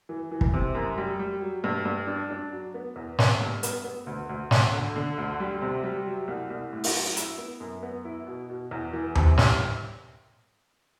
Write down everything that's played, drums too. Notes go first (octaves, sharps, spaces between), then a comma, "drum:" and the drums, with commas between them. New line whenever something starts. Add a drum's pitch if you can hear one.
E3
E3
drum: kick
C3
F#2
G3
G3
F#3
G2
G2
D4
D4
F#3
B3
E2
B3, drum: snare
G2
B3, drum: hi-hat
B3
D2
D2
D2, drum: snare
D3
D3
D2
G3
C3
G3
F#3
C2
C2
A2
drum: open hi-hat
F#3
E4, drum: hi-hat
B3
F#2
B3
E4
B2
B2
E2
E3
C3, drum: tom D#2
G2, drum: snare